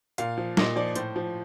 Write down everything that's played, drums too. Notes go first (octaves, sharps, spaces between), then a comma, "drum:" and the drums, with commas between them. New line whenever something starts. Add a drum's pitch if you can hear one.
A#2 F5, drum: hi-hat
F3
A#2 D#5, drum: snare
F3 D5
A2 C5, drum: hi-hat
F3